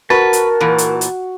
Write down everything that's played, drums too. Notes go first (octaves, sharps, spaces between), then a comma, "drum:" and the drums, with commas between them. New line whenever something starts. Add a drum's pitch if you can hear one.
F#4 A#4 B4 A5
drum: hi-hat
A#2 E3
drum: hi-hat
drum: hi-hat